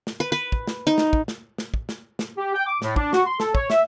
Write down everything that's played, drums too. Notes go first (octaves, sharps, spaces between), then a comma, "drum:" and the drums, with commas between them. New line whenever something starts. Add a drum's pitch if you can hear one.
drum: snare
B4
B4
drum: kick
drum: snare
D#4
drum: snare
drum: kick
drum: snare
drum: snare
drum: kick
drum: snare
drum: snare
G4
G5
D6
A2, drum: snare
D4, drum: kick
F#4, drum: snare
C6
A4, drum: snare
C#5, drum: kick
E5, drum: snare